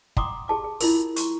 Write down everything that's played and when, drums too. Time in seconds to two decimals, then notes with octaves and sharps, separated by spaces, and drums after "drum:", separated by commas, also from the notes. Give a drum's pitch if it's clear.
0.17 F#5 G5 A#5 C6 D6 D#6, drum: kick
0.48 G4 G#4 A5 D6
0.64 G#4
0.81 E4 F4 A#4, drum: open hi-hat
1.16 A#5 C6 C#6, drum: hi-hat